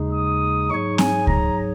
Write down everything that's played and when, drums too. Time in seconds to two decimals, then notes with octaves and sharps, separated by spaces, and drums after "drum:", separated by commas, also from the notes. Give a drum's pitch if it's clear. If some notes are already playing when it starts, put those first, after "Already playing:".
Already playing: D#2 C#3 G#3 D#4 G#4
0.13 D#6
0.70 G#2 F#3 D#4 G#4 C#5 C#6
0.98 G#5, drum: snare C4
1.27 A#5, drum: kick C#2